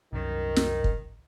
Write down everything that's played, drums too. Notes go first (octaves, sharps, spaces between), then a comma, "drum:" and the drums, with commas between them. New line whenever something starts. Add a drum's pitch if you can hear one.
C2 F#2 D#3
drum: snare
drum: kick